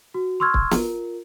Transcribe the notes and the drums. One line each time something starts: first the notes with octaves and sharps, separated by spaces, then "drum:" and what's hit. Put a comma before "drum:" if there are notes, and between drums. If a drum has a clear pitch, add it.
F#4
C6 C#6 E6 F6 G#6
drum: kick
F4 A#4, drum: snare B3